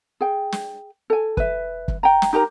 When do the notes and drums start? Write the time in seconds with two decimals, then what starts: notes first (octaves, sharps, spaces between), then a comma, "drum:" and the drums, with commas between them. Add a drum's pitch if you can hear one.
0.21 G#4 G5
0.52 drum: snare
1.10 A4 G#5
1.37 B4 E5, drum: kick
1.88 drum: kick
2.03 G5 A#5
2.22 drum: snare
2.33 D#4 G4 A#4 A#5